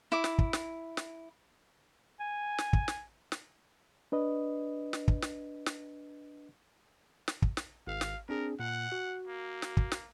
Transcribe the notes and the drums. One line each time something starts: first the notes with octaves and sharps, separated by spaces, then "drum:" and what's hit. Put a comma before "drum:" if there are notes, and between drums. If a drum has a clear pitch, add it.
E4 D6
drum: snare
drum: kick
drum: snare
drum: snare
G#5
drum: snare
drum: kick
drum: snare
drum: snare
D4 B4 D#5
drum: snare
drum: kick
drum: snare
drum: snare
drum: snare
drum: kick
drum: snare
G#1 F5
drum: snare
C4 D4 G#4 A#4
A#2 F#5
F#4
A#3
drum: snare
drum: kick
drum: snare